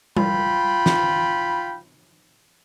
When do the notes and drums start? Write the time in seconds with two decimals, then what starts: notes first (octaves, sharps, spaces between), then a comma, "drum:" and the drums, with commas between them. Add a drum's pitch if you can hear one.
0.17 F4 G5 B5, drum: tom G3
0.86 drum: snare